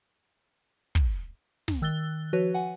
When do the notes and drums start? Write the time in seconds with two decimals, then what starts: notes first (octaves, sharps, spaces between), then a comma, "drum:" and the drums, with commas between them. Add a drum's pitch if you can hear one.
0.95 drum: kick
1.68 drum: snare
1.82 D#3 E6 F#6 A6 G7
2.33 F3 F#4 B4 C#5
2.54 F#5 G#5